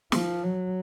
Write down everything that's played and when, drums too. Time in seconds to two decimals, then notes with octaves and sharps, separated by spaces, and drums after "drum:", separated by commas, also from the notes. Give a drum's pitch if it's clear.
0.12 F3, drum: snare
0.43 F#3